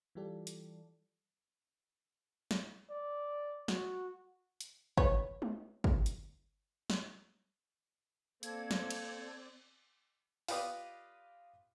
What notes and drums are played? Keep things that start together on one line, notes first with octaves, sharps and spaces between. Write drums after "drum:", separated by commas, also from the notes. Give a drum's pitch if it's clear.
E3 G3 F4 G4 A4 D5
drum: hi-hat
drum: snare
D5
F#4, drum: snare
drum: hi-hat
B4 C#5, drum: kick
drum: tom G#3
drum: kick
drum: hi-hat
drum: snare
A#3 C4 A4 D5 G#6, drum: hi-hat
drum: snare
drum: cymbal
F4 G4 B4 D5 D#5, drum: open hi-hat